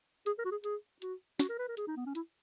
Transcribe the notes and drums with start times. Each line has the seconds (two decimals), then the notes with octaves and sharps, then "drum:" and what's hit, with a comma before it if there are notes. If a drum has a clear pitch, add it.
0.26 G#4, drum: hi-hat
0.39 A#4
0.45 F#4
0.51 G#4
0.64 G#4, drum: hi-hat
1.02 F#4, drum: hi-hat
1.39 F#4, drum: snare
1.49 A#4
1.58 B4
1.68 A#4
1.77 G#4, drum: hi-hat
1.87 D#4
1.96 B3
2.06 C#4
2.15 E4, drum: hi-hat